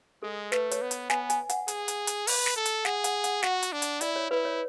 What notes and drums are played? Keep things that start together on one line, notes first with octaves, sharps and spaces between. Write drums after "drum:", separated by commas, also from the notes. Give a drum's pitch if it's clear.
G#3 A4
A3 B4, drum: snare
C#5, drum: hi-hat
B3
drum: hi-hat
B3 G#5, drum: snare
G#5, drum: hi-hat
F#5, drum: hi-hat
G#4, drum: hi-hat
drum: hi-hat
drum: hi-hat
B4, drum: open hi-hat
drum: snare
A4
drum: hi-hat
G#4 F#5, drum: snare
F#5, drum: hi-hat
F#5, drum: hi-hat
F#4 F#5, drum: snare
drum: hi-hat
D4
drum: hi-hat
E4 D5, drum: hi-hat
C#5
E4 B4
C#5